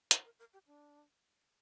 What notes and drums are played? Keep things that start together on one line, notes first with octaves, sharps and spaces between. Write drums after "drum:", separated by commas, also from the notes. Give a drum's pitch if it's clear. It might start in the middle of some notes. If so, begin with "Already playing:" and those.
F5, drum: hi-hat
A#4
A#4
G4
D4